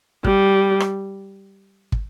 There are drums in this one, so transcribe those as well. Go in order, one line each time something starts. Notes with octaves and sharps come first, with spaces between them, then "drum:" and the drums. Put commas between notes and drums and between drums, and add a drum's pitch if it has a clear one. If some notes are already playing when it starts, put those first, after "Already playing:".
G3, drum: kick
drum: rim click
drum: kick